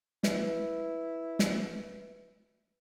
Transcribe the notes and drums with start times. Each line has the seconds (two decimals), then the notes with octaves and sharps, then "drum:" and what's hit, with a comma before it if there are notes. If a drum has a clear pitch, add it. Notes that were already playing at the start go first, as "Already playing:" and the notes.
0.23 E4 B4, drum: snare
1.39 drum: snare